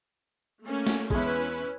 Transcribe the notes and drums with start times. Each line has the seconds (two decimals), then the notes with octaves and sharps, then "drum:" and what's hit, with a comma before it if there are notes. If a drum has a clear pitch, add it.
0.64 A3 A#3 C#4
0.87 drum: snare
1.10 E2 G#3 C#4 E4 B4, drum: kick